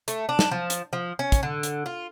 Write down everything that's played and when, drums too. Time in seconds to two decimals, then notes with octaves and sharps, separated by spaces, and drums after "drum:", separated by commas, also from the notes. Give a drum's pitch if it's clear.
0.08 A3, drum: hi-hat
0.29 D4
0.39 drum: snare
0.51 F3
0.70 drum: hi-hat
0.93 F3
1.19 C#4
1.32 drum: kick, hi-hat
1.43 D3
1.63 drum: hi-hat
1.86 F4